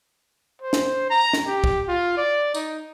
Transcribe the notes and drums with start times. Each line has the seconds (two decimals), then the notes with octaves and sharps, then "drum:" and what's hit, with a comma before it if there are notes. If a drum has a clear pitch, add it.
0.62 C5
0.73 drum: snare
1.10 A#5
1.33 drum: snare
1.47 G4
1.64 drum: kick
1.88 F4
2.17 D5
2.55 D#4, drum: tambourine